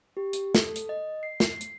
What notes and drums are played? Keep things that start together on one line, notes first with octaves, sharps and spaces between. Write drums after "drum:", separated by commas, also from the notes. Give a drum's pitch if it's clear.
G4
drum: hi-hat
A4, drum: snare
drum: hi-hat
D#5
C7
C7, drum: snare
drum: hi-hat